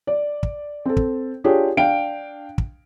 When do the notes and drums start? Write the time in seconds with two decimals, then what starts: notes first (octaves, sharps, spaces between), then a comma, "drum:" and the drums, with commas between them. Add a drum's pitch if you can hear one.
0.07 D5
0.43 drum: kick
0.85 C4 A4
0.97 drum: kick
1.44 D4 F4 G4 G#4 C#5
1.77 D4 F5 G5 D7
2.58 drum: kick